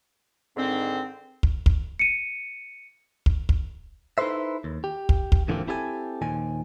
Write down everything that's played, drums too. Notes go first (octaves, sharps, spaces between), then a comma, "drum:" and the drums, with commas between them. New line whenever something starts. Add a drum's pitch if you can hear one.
G#2 D3 D#3 C4
drum: kick
drum: kick
C#7 D#7
drum: kick
drum: kick
D#4 E4 A4 B4 C5 E5
D#2
G4
drum: kick
drum: kick
G#2 D3 E3 F3 A#3 C4
C4 E4 G4 A4 D5 G#5
D#2 A#2 D#3 F3 G#5